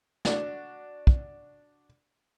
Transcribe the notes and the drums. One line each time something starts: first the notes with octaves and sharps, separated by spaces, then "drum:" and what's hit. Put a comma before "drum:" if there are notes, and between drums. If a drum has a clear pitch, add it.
D4 F#4, drum: snare
drum: kick